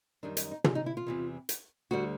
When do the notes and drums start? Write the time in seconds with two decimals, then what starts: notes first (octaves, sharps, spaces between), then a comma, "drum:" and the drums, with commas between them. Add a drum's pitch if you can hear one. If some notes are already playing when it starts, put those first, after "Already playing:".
0.23 F#2 D#3 G3 D4
0.37 D#4, drum: hi-hat
0.51 D#4
0.64 F4, drum: tom
0.75 D#4
0.86 E4
0.97 F4
1.07 E2 C3 E3
1.49 drum: hi-hat
1.91 D2 D3 G3 F#4